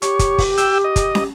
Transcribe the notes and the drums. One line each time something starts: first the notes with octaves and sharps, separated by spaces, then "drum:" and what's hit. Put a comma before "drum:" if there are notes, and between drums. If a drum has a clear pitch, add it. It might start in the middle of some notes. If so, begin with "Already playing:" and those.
G4 C#5, drum: hi-hat
drum: kick, hi-hat
drum: kick, open hi-hat
G5 E6, drum: hi-hat
D#5
drum: kick, hi-hat
drum: snare